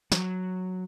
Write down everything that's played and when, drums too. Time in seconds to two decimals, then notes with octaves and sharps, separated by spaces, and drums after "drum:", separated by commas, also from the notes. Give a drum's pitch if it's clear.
0.12 F#3, drum: snare